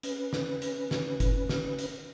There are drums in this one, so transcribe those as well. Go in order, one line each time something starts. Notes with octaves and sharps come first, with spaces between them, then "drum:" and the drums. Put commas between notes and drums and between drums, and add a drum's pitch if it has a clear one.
C#4 B4, drum: hi-hat
drum: snare
drum: hi-hat
drum: snare
drum: kick F#1, hi-hat
drum: snare
drum: hi-hat